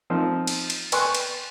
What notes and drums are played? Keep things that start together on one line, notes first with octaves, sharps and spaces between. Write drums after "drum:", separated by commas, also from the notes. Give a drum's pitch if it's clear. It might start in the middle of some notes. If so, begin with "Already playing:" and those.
F3 C4 D#4
drum: cymbal
drum: cymbal
B4 G5 G#5 C6 C#6 F#6, drum: cymbal
drum: cymbal